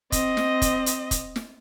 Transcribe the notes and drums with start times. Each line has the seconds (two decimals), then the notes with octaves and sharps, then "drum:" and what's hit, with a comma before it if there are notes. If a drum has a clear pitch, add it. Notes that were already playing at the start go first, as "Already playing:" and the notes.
0.12 C4 D#5, drum: kick, hi-hat
0.37 drum: snare
0.62 drum: kick, hi-hat
0.86 drum: hi-hat
1.11 drum: kick, hi-hat
1.36 drum: snare